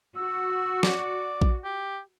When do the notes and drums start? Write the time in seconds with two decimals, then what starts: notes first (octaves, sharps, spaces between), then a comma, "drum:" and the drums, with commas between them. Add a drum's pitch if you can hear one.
0.16 F#4 E6
0.83 D5, drum: snare
1.41 drum: kick A#1
1.65 G4